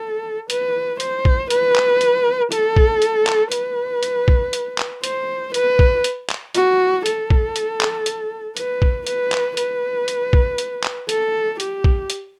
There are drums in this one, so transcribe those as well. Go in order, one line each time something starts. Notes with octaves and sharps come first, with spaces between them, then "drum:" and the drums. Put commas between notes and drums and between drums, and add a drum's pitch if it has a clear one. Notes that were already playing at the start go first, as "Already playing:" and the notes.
Already playing: A4
B4, drum: hi-hat
C5, drum: hi-hat
drum: kick
B4, drum: hi-hat
drum: clap
drum: hi-hat
A4, drum: hi-hat
drum: kick
drum: hi-hat
drum: clap
B4, drum: hi-hat
drum: hi-hat
drum: kick
drum: hi-hat
drum: clap
C5, drum: hi-hat
B4, drum: hi-hat
drum: kick
drum: hi-hat
drum: clap
F#4, drum: hi-hat
A4, drum: hi-hat
drum: kick
drum: hi-hat
drum: clap
drum: hi-hat
B4, drum: hi-hat
drum: kick
B4, drum: hi-hat
drum: clap
B4, drum: hi-hat
drum: hi-hat
drum: kick
drum: hi-hat
drum: clap
A4, drum: hi-hat
G4, drum: hi-hat
drum: kick
drum: hi-hat